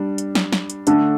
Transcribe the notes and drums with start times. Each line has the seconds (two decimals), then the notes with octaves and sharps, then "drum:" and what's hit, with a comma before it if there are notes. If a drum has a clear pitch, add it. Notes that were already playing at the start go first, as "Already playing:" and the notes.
Already playing: G3 D4
0.18 drum: hi-hat
0.35 drum: snare
0.52 drum: snare
0.70 drum: hi-hat
0.87 D3 A3 D4 A4, drum: hi-hat